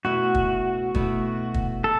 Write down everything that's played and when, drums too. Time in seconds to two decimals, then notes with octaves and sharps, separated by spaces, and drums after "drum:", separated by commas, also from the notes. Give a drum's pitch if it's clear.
0.04 B2 A3 E4 F#4
0.35 drum: kick
0.95 B2 A3 E4, drum: kick
1.54 drum: kick
1.84 A4